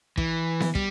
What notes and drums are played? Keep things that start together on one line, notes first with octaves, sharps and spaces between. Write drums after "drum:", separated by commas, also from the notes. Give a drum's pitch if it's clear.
E3, drum: kick
drum: snare B3
G3, drum: kick